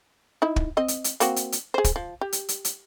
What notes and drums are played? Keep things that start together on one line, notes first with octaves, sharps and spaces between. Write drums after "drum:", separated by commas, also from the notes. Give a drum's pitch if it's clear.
D#4 E4
drum: kick
C4 D#5
drum: hi-hat
drum: hi-hat
A#3 C4 F#4, drum: hi-hat
drum: hi-hat
drum: hi-hat
G#4 C5
drum: kick, hi-hat
F3
G4
drum: hi-hat
drum: hi-hat
drum: hi-hat